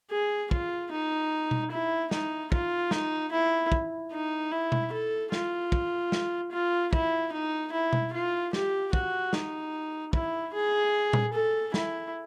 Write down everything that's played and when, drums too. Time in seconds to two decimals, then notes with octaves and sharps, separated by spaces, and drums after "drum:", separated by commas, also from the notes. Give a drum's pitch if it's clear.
0.10 G#4
0.51 F4, drum: kick
0.91 D#4
1.51 drum: tom B2
1.71 E4
2.11 D#4, drum: snare
2.52 F4, drum: kick
2.91 D#4, drum: snare
3.32 E4
3.72 drum: kick
4.12 D#4
4.51 E4
4.72 drum: tom B2
4.92 A4
5.32 F4, drum: snare
5.72 drum: kick
6.12 drum: snare
6.52 F4
6.93 E4, drum: kick
7.33 D#4
7.72 E4
7.93 drum: tom B2
8.13 F4
8.53 G4, drum: snare
8.93 F#4, drum: kick
9.33 D#4, drum: snare
10.13 E4, drum: kick
10.53 G#4
11.13 drum: tom A#2
11.34 A4
11.74 E4, drum: snare